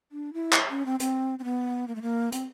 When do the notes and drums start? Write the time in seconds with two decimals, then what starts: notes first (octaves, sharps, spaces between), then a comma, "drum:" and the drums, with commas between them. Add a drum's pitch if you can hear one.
0.12 D4
0.33 E4
0.53 drum: clap
0.70 C#4
0.86 C4
1.00 C4, drum: hi-hat
1.39 C4
1.44 B3
1.88 A#3
1.95 A3
2.02 A#3
2.32 C4, drum: hi-hat